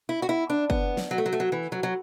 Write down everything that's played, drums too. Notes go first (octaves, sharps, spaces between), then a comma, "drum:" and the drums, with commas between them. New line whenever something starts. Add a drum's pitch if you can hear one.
E4
F#4
E4
D4
B3, drum: kick
drum: snare
F#3
A3
F#3
A3
F#3
E3
F#3
F#3